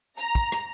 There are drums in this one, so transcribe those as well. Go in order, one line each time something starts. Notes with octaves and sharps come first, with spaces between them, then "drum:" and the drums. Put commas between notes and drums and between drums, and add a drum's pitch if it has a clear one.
A#5, drum: hi-hat
drum: kick, hi-hat
drum: rim click